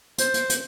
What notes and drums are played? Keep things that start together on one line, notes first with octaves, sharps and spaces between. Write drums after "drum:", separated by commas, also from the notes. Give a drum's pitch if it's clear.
C5, drum: hi-hat
drum: hi-hat
drum: hi-hat